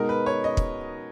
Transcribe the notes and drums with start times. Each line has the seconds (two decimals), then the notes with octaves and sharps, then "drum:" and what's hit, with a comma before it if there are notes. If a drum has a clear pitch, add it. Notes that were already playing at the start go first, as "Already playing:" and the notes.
Already playing: B2 G#3 D#4 F#4 A#4
0.09 B4
0.26 C#5
0.44 D#5
0.57 drum: kick